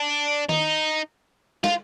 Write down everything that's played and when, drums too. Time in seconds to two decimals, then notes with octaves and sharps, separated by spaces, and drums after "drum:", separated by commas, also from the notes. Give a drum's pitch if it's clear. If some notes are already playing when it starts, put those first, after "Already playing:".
Already playing: D4
0.49 D#4, drum: tom D#3
1.64 F4, drum: snare